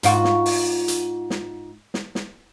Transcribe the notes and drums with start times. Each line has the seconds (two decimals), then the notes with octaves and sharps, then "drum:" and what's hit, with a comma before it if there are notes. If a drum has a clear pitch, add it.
0.03 G#2 F4 F#4, drum: hi-hat
0.24 drum: snare
0.46 drum: open hi-hat
0.88 drum: hi-hat
1.30 drum: snare
1.94 drum: snare
2.15 drum: snare